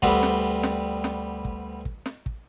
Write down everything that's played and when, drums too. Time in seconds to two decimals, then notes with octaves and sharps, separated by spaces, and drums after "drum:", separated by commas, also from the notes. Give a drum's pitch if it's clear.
0.02 D2 G3 B3 C4 G4, drum: kick
0.23 drum: snare
0.63 drum: snare
1.04 drum: snare
1.45 drum: kick
1.85 drum: kick
2.06 drum: snare
2.26 drum: kick